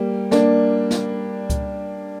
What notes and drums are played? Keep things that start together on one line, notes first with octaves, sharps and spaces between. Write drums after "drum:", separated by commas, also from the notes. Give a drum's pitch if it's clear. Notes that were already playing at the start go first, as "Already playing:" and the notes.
Already playing: G3 A#3
A#3 D4, drum: snare
drum: snare
drum: kick C#2, hi-hat